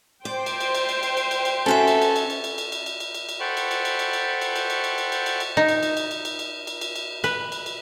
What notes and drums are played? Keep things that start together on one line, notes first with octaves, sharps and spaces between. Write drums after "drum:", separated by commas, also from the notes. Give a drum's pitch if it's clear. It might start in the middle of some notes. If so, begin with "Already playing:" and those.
C5 D5 G5
drum: cymbal
drum: cymbal
drum: cymbal
drum: cymbal
drum: cymbal
drum: cymbal
drum: cymbal
drum: cymbal
C#4 F#4 A4 E5
drum: cymbal
drum: cymbal
drum: cymbal
drum: cymbal
drum: cymbal
drum: cymbal
drum: cymbal
drum: cymbal
drum: cymbal
drum: cymbal
drum: cymbal
A4 C5 F#5 G5 B5 C#6
drum: cymbal
drum: cymbal
drum: cymbal
drum: cymbal
drum: cymbal
drum: cymbal
drum: cymbal
drum: cymbal
drum: cymbal
drum: cymbal
drum: cymbal
drum: cymbal
drum: cymbal
D#4
drum: cymbal
drum: cymbal
drum: cymbal
drum: cymbal
drum: cymbal
drum: cymbal
drum: cymbal
drum: cymbal
drum: cymbal
B4, drum: cymbal
drum: cymbal
drum: cymbal